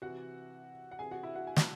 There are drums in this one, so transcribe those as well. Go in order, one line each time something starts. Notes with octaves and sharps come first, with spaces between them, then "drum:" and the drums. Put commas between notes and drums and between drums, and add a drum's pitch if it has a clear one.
C3 E3 F#4 F#5
F#5
C3 E3 G#4 G#5
F#4 F#5
E4 E5
F#4 F#5
G#5
A5, drum: snare